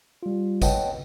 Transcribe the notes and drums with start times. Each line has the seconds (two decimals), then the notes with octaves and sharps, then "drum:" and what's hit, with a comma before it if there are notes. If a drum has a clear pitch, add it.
0.23 G3 F4
0.62 B4 C#5 D#5 F#5 G5 A5, drum: kick G#1, tambourine